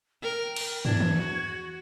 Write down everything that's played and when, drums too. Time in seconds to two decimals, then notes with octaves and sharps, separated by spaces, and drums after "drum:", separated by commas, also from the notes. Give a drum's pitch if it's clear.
0.23 A#4 G5
0.56 drum: cymbal
0.85 E2 D4 G#6, drum: tom
1.00 drum: tom D#3
1.15 F#4